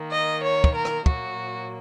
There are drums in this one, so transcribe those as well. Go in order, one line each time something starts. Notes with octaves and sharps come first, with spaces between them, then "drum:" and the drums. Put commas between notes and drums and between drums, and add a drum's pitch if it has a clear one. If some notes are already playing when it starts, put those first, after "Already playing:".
Already playing: D#3 A#3
D#5
C#5
drum: kick
A#4
drum: rim click
A#2 F#3 A#3 F#4, drum: kick